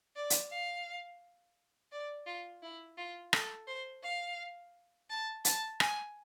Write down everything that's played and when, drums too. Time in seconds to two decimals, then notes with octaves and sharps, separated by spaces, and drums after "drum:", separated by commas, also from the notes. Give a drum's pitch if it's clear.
0.16 D5
0.30 drum: hi-hat
0.50 F5
1.92 D5
2.26 F4
2.63 E4
2.97 F4
3.33 A4, drum: rim click
3.68 C5
4.03 F5
5.10 A5
5.45 A5, drum: hi-hat
5.80 G#5, drum: rim click